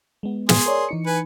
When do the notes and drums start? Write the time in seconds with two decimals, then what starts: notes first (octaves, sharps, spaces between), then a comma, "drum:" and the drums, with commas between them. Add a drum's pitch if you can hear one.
0.23 G#3 B3
0.49 G#4 C6, drum: snare
0.66 A#4 C#5 D5
0.89 E3 D#4 C#7
1.06 B4 G#5